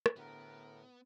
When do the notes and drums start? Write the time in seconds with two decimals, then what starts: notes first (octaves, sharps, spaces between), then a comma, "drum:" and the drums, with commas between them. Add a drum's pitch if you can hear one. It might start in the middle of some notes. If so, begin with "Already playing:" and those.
0.06 drum: rim click
0.16 A2 D3 B3 F#4 G4 A#4